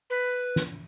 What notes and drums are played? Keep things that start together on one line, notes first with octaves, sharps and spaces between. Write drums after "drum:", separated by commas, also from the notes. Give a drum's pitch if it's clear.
B4
drum: snare